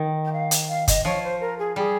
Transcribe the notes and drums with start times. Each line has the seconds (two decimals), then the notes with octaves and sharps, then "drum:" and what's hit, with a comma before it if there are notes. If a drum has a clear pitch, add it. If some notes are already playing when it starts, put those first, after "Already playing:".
Already playing: D#3
0.25 G5
0.33 F5
0.51 drum: hi-hat
0.69 F5
0.88 D#5, drum: kick F#1, hi-hat
1.05 F3 C#5
1.23 C5
1.41 A#4
1.59 G#4
1.76 G3 G#4